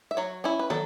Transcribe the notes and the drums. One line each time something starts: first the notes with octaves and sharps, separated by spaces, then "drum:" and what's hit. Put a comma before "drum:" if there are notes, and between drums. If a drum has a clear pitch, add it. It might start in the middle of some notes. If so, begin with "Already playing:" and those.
E5
F#3 C#5
C#4 E4
B4
F#3 A4, drum: tom